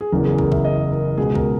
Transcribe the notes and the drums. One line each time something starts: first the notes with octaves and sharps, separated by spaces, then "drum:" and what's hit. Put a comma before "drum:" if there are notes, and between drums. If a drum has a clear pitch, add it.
G#4
F#1 E2 C#3 A#4
G#4
A#4, drum: kick
E5, drum: kick
D#5
A#4
C#2 B2 G#4
A#4, drum: kick